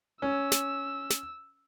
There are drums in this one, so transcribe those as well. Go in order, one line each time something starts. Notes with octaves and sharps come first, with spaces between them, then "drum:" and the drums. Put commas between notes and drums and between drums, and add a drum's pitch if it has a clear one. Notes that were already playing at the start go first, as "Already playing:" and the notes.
C#4 E6
drum: snare
drum: snare